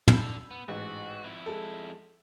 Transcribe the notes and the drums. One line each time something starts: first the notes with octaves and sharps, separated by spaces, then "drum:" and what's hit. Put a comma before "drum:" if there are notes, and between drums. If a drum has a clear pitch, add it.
D4 A4 B5 E6 G6, drum: tom
B3
A1 G#2 F#4
F2 E4
G#3 A4